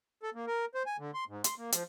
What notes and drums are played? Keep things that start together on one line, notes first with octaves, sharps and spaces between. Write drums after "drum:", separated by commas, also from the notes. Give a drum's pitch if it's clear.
A4
A#3
A#4
C5
G#5
D3
C6
G#2
C6, drum: hi-hat
A#3
F3, drum: hi-hat